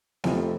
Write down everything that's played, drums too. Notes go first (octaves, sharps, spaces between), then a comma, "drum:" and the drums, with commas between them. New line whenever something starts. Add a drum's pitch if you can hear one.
F1 F2 F3 A3, drum: snare B3